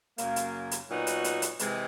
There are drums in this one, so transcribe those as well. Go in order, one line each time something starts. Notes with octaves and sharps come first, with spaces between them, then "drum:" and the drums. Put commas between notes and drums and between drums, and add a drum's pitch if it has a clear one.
F#2 C#3 F#3 A#3, drum: hi-hat
drum: hi-hat
drum: hi-hat
A#2 F#3 B3 D#4 F#4
drum: hi-hat
drum: hi-hat
drum: hi-hat
C3 E3 G#3, drum: hi-hat